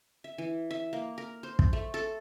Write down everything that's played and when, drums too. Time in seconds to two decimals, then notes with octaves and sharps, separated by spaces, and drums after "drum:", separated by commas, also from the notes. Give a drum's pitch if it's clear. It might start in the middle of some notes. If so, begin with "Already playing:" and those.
0.24 E5
0.38 E3
0.71 E5
0.93 A#3
1.18 A#4
1.43 C5
1.59 drum: kick
1.73 A3
1.94 A4